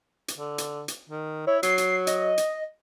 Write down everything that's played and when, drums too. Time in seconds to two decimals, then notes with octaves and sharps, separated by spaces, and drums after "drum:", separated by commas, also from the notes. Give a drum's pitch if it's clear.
0.28 drum: hi-hat
0.38 D3
0.58 drum: hi-hat
0.88 drum: hi-hat
1.10 D#3
1.47 E4 C#5
1.63 F#3 C7, drum: hi-hat
1.78 drum: hi-hat
2.07 D#5, drum: hi-hat
2.38 drum: hi-hat